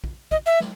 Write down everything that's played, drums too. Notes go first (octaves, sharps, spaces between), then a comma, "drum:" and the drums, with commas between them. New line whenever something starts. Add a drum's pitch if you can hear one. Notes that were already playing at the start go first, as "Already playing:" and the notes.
drum: kick
D#5, drum: kick
E5
drum: snare